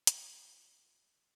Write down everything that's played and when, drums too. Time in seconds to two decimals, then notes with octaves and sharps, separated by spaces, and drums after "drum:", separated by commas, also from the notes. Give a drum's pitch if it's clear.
0.07 drum: hi-hat
0.24 B3 C#4 F4